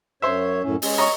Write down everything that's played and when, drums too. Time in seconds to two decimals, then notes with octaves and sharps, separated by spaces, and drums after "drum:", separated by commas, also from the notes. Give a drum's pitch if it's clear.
0.22 F#2 C5 C#5 E5
0.64 F#2 A2 C#4
0.82 G#3 C#4, drum: open hi-hat
0.98 C#5 D#5 A#5